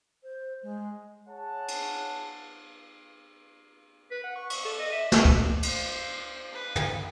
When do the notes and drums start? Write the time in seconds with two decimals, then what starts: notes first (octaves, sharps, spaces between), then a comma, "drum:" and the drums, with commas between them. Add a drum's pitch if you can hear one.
0.23 C5
0.63 G#3
1.29 G#4 C#5 F#5 A5
1.68 drum: cymbal
4.11 B4
4.24 F#5
4.35 C#6
4.50 C#6, drum: cymbal
4.65 A4
4.79 D#5
4.92 E5
5.12 A4, drum: snare
5.25 E3, drum: kick
5.63 C5, drum: cymbal
6.53 B4
6.76 drum: tom